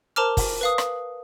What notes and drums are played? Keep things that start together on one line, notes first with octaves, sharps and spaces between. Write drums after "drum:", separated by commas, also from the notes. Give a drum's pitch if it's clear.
A#4 C5 A5 A#5 D6 F6
drum: kick, open hi-hat
B4 F5 D#6
drum: rim click